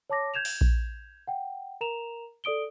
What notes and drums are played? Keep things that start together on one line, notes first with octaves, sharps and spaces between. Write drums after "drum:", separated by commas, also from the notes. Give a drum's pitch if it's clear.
C#5 A5 D6 A#6
G6 G#6 E7 F7
drum: open hi-hat
drum: kick A#1
F#5 G5
A#4 A#5 E7 F7
A4 D5 D#6 D7 G7